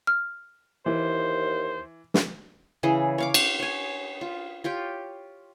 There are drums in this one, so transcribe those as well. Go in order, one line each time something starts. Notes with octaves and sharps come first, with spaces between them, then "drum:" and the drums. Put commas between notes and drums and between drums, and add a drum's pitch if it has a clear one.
F6
D#2 E3 C5
drum: snare
C#3 E3 G#4
C#5 F5 D6
drum: cymbal
C#5 G#5
F4
F4 G4 C#5 G5